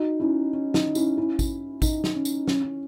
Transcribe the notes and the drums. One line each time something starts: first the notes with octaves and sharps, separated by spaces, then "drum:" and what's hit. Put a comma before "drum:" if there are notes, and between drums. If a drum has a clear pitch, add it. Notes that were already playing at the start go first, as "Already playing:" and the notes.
Already playing: D#4 F#4
C#4 E4
C#4
D#4, drum: snare
C#4 E4, drum: tambourine
C#4 E4
drum: kick, tambourine
D#4, drum: kick, tambourine
drum: snare
C#4
drum: tambourine
C#4, drum: snare
C#4